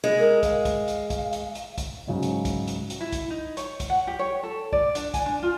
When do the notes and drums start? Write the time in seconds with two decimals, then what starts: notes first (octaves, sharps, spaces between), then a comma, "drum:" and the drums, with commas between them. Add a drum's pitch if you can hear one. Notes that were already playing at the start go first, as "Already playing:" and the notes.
0.04 G#3
0.18 A#4
0.43 F5, drum: kick, hi-hat
0.65 drum: kick, hi-hat
0.88 drum: hi-hat
1.10 drum: kick, hi-hat
1.33 drum: hi-hat
1.55 drum: hi-hat
1.78 drum: kick, hi-hat
2.07 G#2 C#3 F#3
2.23 drum: hi-hat
2.45 drum: kick, hi-hat
2.68 drum: hi-hat
2.90 drum: hi-hat
3.01 E4
3.12 drum: kick, hi-hat
3.30 D#4
3.57 C#5, drum: hi-hat
3.80 drum: kick, hi-hat
3.90 F#5
4.07 G4
4.19 C#5
4.43 A4
4.73 D5, drum: kick
4.95 D4, drum: hi-hat
5.14 G#5, drum: kick, hi-hat
5.26 D4
5.43 F4